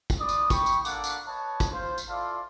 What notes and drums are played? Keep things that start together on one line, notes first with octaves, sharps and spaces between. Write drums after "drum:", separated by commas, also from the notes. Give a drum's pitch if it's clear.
drum: kick, tambourine
B4 D5 D#6
drum: tambourine
G5 B5 C#6, drum: kick, tambourine
drum: tambourine
A#3 D4 A4 F#5 D6, drum: tambourine
drum: tambourine
B4 C#5 D#5 A5
drum: kick, tambourine
F4 C5
drum: tambourine
E4 F4 A4 D5 F5